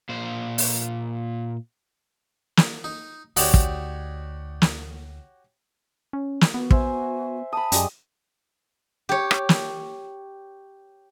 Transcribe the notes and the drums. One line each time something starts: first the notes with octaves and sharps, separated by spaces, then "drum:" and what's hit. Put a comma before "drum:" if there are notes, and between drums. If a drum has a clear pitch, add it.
A#2 C5
drum: open hi-hat
drum: snare
D#4
D2 D#4 F#4 G4 C#5 D5, drum: open hi-hat
drum: kick
drum: snare
C#4
drum: snare
B3 F#4
C5 E5 G#5, drum: kick
A5 B5 D#6
F#2 G3 G#3, drum: hi-hat
G4 C#5
drum: rim click
drum: snare